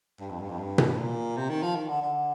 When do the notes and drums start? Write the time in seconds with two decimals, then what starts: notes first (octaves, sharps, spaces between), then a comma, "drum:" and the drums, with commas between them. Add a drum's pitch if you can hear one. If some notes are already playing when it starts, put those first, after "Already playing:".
0.20 G2
0.30 F2
0.40 G2
0.49 F2
0.59 G2
0.78 drum: tom B2
0.98 A#2
1.37 C3
1.49 D#3
1.63 F3
1.76 D#3
1.89 D3
2.02 D3